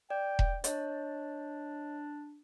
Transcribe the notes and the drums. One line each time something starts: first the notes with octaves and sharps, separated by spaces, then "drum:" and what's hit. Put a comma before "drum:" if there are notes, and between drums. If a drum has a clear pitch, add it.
D5 G5
drum: kick E1
D4 C#5 D#5, drum: hi-hat